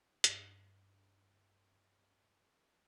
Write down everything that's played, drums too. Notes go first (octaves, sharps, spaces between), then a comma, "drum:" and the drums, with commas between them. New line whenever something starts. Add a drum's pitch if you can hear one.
G2 D4, drum: hi-hat